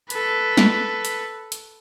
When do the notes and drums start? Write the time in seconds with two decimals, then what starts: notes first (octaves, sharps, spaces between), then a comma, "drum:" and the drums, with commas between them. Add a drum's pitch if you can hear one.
0.10 A4 B4, drum: hi-hat
0.57 drum: snare
1.05 drum: hi-hat
1.52 drum: hi-hat